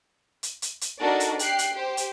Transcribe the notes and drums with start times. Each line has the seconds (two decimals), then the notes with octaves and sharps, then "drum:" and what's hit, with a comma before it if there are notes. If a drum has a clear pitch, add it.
0.43 drum: hi-hat
0.62 drum: hi-hat
0.81 drum: hi-hat
1.00 D4 D#4 F#4 A4 A#4 D5
1.20 drum: hi-hat
1.39 G4 G5 F#6 C7, drum: hi-hat
1.59 drum: hi-hat
1.73 G4 C5
1.97 drum: hi-hat